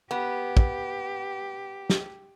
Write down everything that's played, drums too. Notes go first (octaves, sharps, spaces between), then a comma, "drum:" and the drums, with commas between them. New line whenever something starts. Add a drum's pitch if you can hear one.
B3 G4
drum: kick
drum: snare